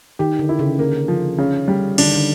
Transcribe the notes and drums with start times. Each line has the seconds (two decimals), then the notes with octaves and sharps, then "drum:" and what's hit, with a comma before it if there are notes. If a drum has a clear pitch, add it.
0.19 D#3 G4
0.39 D3
0.49 E4
0.59 C#3
0.79 D3 A#3
1.08 F3
1.38 C#3
1.68 G3
1.98 D3 D4, drum: cymbal
2.06 D#3
2.15 D3